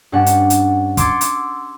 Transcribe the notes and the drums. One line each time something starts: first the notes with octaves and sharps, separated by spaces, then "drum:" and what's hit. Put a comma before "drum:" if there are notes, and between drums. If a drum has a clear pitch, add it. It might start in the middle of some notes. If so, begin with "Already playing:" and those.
G2 C#4 D4 F#5
drum: hi-hat
drum: hi-hat
C6 D6 E6 G#6 A6 C#7, drum: kick, hi-hat
drum: hi-hat